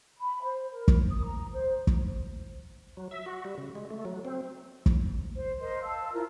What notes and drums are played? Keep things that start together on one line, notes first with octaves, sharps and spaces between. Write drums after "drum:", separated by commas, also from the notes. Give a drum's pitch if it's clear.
B5
C5
A#4
drum: kick
D#6
A#5
C5
drum: kick
F#3
E5
F#4
G3
C#3
G#3
A3
F#3
C4
drum: kick
C5
A#4 C5 D#5 C6
F5 A5 E6
E4 F4 A#4